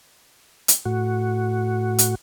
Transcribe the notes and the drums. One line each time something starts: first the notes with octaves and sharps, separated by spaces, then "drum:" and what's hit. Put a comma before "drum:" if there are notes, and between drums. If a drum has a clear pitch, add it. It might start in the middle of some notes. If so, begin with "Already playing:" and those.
drum: hi-hat
A2 F#4
drum: hi-hat